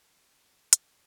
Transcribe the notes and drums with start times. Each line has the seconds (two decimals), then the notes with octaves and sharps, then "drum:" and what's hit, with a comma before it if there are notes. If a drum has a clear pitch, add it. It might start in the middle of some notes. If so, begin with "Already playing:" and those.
Already playing: F2 A#4
0.10 B4
0.31 F2
0.52 G#4
0.73 F3 F#4, drum: hi-hat